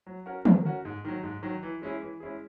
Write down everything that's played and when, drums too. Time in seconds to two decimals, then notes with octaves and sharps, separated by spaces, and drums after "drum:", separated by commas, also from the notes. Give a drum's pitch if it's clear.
0.07 F#3
0.26 C#4 F#4 A#4
0.45 F#3, drum: tom
0.65 C#4 F#4 A#4
0.85 G#2
1.05 D#3 F#3
1.23 G#2
1.43 D#3 F#3
1.63 E3
1.82 G#3 C#4 E4 G#4
2.02 E3
2.20 G#3 C#4 E4 G#4